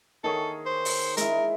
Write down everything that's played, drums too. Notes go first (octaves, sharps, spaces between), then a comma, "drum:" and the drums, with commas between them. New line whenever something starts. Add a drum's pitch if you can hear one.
D#3 G#4 A4 C#5
C5
drum: open hi-hat
G#3 E4 A#4, drum: hi-hat